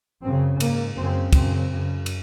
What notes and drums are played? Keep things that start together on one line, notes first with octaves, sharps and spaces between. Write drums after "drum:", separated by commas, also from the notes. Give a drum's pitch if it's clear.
F#2 C#3 C4
G#2 A#3, drum: cymbal
F#2 C#3 C4
F#2 C#3 C4, drum: kick, cymbal
F#2 C#3
drum: cymbal